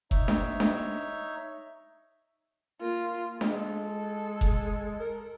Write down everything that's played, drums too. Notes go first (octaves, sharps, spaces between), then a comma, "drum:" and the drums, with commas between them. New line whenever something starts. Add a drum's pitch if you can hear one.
D#4 C#5 E5, drum: kick F#1
drum: snare D4
drum: snare D4
A#3 F4
G#3 A4, drum: snare D4
drum: kick F#1
A#4